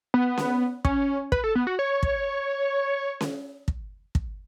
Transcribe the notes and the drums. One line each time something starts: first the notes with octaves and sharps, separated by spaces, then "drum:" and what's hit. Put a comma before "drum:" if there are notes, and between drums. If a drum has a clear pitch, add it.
B3
drum: snare C#4
C#4, drum: kick
B4, drum: kick
A4
B3
F#4
C#5
drum: kick
drum: snare C#4
drum: kick
drum: kick